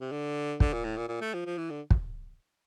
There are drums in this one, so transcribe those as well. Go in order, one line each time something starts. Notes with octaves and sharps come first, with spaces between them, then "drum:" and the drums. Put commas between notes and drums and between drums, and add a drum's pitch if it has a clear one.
C3
D3
D3, drum: kick
A#2
A2
A#2
A#2
A3
F3
F3
E3
D3
drum: kick